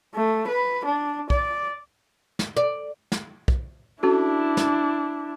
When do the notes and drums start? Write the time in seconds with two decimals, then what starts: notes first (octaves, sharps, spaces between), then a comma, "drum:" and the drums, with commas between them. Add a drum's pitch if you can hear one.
0.15 A3
0.48 B4
0.85 D4
1.30 D5, drum: kick B1
2.39 drum: snare
2.57 D5
3.12 drum: snare
3.48 drum: kick B1
4.03 C#4 D4 E4 F#4 A4
4.57 drum: snare